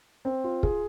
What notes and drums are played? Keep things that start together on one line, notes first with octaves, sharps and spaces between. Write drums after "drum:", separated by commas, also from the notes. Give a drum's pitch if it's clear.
C4
F4
G#4, drum: kick